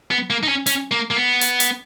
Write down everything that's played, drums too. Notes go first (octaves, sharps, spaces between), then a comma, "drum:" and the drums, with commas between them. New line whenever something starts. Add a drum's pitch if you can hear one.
B3
A#3
D#4
C#4
C#4, drum: hi-hat
A#3
A#3
B3
drum: hi-hat
drum: hi-hat